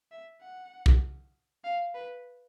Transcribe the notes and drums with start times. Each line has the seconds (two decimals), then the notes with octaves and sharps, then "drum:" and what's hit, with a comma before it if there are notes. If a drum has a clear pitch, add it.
0.12 E5
0.42 F#5
0.86 drum: kick C2
1.64 F5
1.95 B4